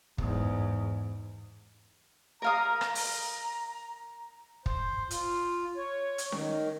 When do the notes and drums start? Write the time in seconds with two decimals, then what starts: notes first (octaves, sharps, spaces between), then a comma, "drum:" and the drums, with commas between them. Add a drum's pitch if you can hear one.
0.18 E2 G#2, drum: kick
2.42 A#4 F5 A#5 D#6
2.81 drum: rim click
2.95 drum: open hi-hat
4.66 C5, drum: kick
5.11 F4, drum: hi-hat
5.77 C#5
6.18 drum: hi-hat
6.32 D#3, drum: snare C#4